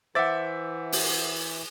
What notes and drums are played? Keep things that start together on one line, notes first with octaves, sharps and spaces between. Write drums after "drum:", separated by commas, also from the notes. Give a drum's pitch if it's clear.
E3 C5 E5 F#5 D6 A6
drum: open hi-hat